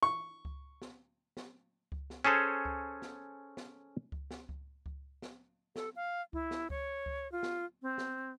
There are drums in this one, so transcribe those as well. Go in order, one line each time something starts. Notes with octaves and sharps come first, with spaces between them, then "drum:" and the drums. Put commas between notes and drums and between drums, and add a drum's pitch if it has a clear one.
C#6
drum: kick C#2
drum: snare
drum: snare
drum: kick C#2
drum: snare
C#4 G#4 A4 C5 C#5
drum: kick C#2
drum: snare
drum: snare
drum: kick C#2
drum: snare
drum: kick C#2
drum: kick C#2
drum: snare
A4, drum: snare
F5
E4, drum: kick C#2
drum: snare
C#5, drum: kick C#2
drum: kick C#2
F4
drum: snare
C4
drum: snare